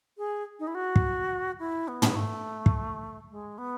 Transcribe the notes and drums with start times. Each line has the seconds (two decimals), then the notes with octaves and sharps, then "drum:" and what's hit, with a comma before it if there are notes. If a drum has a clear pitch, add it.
0.18 G#4
0.59 D#4
0.67 E4
0.75 F#4
0.96 drum: kick
1.59 E4
1.88 B3
2.02 drum: tom
2.16 A3
2.66 drum: kick
3.30 G#3
3.58 B3